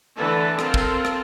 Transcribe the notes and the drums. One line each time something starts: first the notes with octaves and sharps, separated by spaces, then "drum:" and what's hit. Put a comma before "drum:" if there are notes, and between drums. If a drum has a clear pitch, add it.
D3 E3 A3 A4 B4
C4 F4 A4 A#4, drum: rim click
drum: kick
drum: rim click